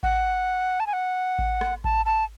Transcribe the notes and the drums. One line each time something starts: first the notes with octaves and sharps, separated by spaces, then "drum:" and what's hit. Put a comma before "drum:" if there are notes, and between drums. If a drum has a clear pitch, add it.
F#5, drum: kick A1
A5
G#5
F#5
drum: kick A1
drum: rim click
A5, drum: kick A1
A5